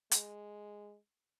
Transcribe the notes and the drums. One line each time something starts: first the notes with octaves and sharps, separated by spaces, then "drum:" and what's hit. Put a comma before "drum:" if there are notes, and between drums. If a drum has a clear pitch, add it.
G#3, drum: hi-hat